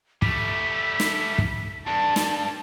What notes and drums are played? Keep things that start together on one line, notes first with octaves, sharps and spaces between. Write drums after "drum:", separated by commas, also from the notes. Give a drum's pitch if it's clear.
G3 A3 B6, drum: kick
drum: snare
drum: kick
G2 A5
drum: snare